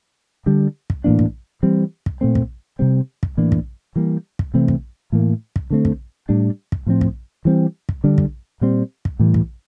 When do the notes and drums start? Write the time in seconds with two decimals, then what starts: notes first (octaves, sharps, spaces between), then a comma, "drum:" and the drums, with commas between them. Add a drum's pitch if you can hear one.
0.46 D3 G3 D4
0.90 drum: kick
1.04 A2 E3 A#3 D4
1.19 drum: kick
1.63 E3 G3 C4
2.06 drum: kick
2.21 A#2 A3 C4
2.35 drum: kick
2.79 C3 G3 C4
3.23 drum: kick
3.37 A2 E3 A#3 D4
3.52 drum: kick
3.96 E3 G3 A#3
4.39 drum: kick
4.54 C3 E3 A3 C4
4.68 drum: kick
5.12 A2 E3 A#3
5.56 drum: kick
5.70 D3 A3 C4
5.85 drum: kick
6.29 A2 G3 D4
6.72 drum: kick
6.87 A2 F3 C4
7.01 drum: kick
7.45 E3 G3 C4
7.89 drum: kick
8.04 D3 G3 D4
8.18 drum: kick
8.61 A#2 G3 C4
9.05 drum: kick
9.19 A2 E3 G3
9.34 drum: kick